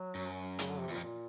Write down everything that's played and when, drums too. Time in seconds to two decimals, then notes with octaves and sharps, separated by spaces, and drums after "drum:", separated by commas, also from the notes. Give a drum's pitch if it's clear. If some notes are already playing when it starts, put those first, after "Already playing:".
Already playing: F#3
0.15 F#2
0.59 C#3, drum: hi-hat
0.70 D3
0.79 F2 C3
0.88 E2 A#2
0.95 F2
1.01 A#2